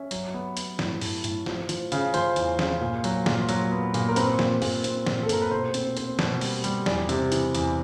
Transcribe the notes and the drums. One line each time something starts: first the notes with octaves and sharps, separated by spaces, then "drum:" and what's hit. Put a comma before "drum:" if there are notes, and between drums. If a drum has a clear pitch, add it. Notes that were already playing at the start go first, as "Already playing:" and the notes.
Already playing: C#4 E5
F#3, drum: hi-hat
B3
B3, drum: hi-hat
A2, drum: snare
A2, drum: open hi-hat
A2, drum: hi-hat
F3, drum: snare
F3, drum: hi-hat
C#3, drum: hi-hat
F3 C5, drum: hi-hat
E2, drum: hi-hat
C#3, drum: snare
A#2
F#3, drum: hi-hat
A#2, drum: snare
F#3, drum: hi-hat
B3
A#2, drum: hi-hat
A#4
C4 B4, drum: hi-hat
A#2, drum: snare
A#2, drum: open hi-hat
C4, drum: hi-hat
A#2, drum: snare
A4
A#2 A#4, drum: hi-hat
B4
B2 C5
C4, drum: hi-hat
C4, drum: hi-hat
B2, drum: snare
G3, drum: open hi-hat
G3, drum: hi-hat
E2 D5, drum: snare
C3, drum: hi-hat
E3, drum: hi-hat
E2, drum: hi-hat